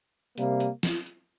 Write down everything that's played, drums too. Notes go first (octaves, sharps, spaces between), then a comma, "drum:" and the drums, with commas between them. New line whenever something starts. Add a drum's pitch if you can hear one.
C3 G3 A#3, drum: hi-hat
drum: hi-hat
drum: snare
drum: hi-hat